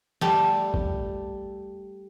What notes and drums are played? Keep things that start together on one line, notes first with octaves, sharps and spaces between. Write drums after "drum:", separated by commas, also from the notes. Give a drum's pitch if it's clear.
G3 A3 G4 A4, drum: snare
drum: kick G#1